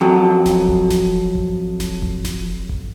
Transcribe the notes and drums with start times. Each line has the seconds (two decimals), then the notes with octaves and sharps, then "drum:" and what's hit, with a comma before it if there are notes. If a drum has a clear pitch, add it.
0.01 F2 F#3
0.46 drum: snare E1
0.68 drum: kick G#1
0.90 drum: snare E1
1.35 drum: kick G#1
1.80 drum: snare E1
2.02 drum: kick G#1
2.25 drum: snare E1
2.69 drum: kick G#1